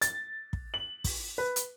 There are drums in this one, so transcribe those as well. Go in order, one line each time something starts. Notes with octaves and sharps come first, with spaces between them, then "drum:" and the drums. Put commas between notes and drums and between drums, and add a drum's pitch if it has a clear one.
A6, drum: hi-hat
drum: kick
F#7
drum: kick, open hi-hat
B4
drum: hi-hat